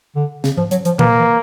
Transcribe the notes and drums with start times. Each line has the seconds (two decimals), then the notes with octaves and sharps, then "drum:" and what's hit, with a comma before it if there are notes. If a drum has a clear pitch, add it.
0.16 D3
0.44 C#3, drum: snare
0.58 F3, drum: tom G#2
0.71 F#3, drum: hi-hat
0.85 F3, drum: hi-hat
0.99 E3 A#3, drum: tom A#2
1.19 E3